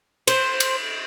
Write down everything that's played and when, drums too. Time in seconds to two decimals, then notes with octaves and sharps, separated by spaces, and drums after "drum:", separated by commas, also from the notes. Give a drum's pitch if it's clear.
0.27 C5, drum: cymbal
0.60 drum: cymbal